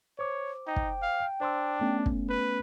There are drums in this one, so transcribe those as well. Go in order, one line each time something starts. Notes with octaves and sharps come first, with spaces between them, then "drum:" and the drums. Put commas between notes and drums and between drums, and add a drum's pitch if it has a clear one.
C5 C#5 D6
D#4 G5
drum: kick
F5
D4 C5 C6 E6
A3 B3 C#4
drum: kick
B4